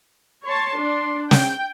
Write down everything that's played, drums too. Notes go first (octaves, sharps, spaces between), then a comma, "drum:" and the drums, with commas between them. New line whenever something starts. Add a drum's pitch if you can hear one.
C#5 A5 C6
D4
G5, drum: snare